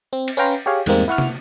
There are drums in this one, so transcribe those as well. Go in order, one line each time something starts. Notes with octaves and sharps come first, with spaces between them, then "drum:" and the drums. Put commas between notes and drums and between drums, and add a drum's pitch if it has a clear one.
C4
drum: cymbal
C#4 B4 F5 G5 A#5 C6
G4 G#4 C#5 F5
E2 G#2 G3 G#3 A#3 C4, drum: cymbal
E4 F#5 C#6 F6
drum: tom